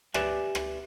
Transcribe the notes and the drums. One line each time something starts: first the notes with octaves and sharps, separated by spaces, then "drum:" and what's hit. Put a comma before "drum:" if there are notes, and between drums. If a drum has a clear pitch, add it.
G4 B4 D5 E5 G#5, drum: rim click
drum: rim click